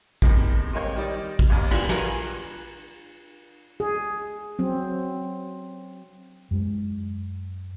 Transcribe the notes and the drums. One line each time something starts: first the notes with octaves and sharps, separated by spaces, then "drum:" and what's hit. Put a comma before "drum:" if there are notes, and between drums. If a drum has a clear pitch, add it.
E2 A2 C3 D#3, drum: kick A1
G2 G#3 A#3 C4 C#5
D#3 G3 D5 D#5
drum: kick A1
A1 D#2
A#2 E3 G3 D4 F4 F#4, drum: cymbal
G2 F4 F#4 A#4 B4 G#5, drum: snare
G#4
F#3 C4
F#2 G#3